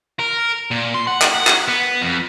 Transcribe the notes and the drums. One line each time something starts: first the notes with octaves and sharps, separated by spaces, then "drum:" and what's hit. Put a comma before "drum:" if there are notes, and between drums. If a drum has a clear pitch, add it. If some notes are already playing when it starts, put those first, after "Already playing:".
A#4
A#2
C6
F#5
drum: clap
F#5
drum: clap
B3
F2